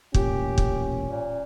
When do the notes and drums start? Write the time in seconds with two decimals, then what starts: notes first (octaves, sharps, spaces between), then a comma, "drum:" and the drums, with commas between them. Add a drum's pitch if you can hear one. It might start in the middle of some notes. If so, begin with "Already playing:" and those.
0.14 E1 A1 A#2 C#4 G4, drum: kick
0.58 drum: kick
1.07 A#2